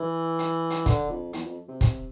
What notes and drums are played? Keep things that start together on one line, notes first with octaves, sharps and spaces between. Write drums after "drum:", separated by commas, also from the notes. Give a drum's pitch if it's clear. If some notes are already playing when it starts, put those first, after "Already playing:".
Already playing: E3
drum: hi-hat
drum: hi-hat
D3, drum: kick, hi-hat
F2
E2, drum: hi-hat
F2
C3
C3, drum: kick, hi-hat